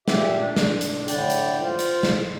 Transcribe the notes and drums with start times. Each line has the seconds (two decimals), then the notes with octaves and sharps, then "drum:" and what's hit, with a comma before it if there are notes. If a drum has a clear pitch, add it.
0.08 A#2 G4 E5, drum: snare
0.37 D4
0.56 drum: snare
0.81 drum: hi-hat
1.08 A2 D3 D5 G5, drum: hi-hat
1.30 drum: hi-hat
1.61 F4 C5
1.79 drum: hi-hat
2.03 drum: snare